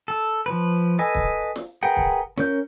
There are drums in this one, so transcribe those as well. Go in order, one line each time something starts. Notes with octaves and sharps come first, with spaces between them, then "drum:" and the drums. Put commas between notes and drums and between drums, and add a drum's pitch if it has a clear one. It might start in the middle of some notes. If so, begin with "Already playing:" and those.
A4
F3 B4
A4 B4 D#5 G#5
drum: kick
drum: snare
G#4 A#4 B4 F#5 G5
drum: kick
C#4 A#4 G6, drum: snare